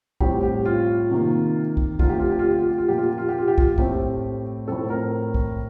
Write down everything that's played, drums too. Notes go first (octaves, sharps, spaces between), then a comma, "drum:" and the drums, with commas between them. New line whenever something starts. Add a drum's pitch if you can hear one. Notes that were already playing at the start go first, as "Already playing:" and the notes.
A2 G3 C4 G4, drum: kick
G4
F4
C3 D#3 A#3
drum: kick
D3 F3 A3 C4 F4, drum: kick
G4
F4
G4
F4
G4
F4
G4
F4
A#2 F3 A#3 G4
F4
G4
F4
G4
F4
G4
F4, drum: kick
A2 A3 C4 G4, drum: kick
A2 F3 C4 A4
A#4
drum: kick